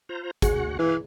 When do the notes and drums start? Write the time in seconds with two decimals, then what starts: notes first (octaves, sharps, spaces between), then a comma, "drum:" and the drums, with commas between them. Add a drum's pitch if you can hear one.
0.09 F4 C5 A#5
0.42 D2 F#4 G#4 F#5, drum: kick, hi-hat
0.79 E3 B4 F5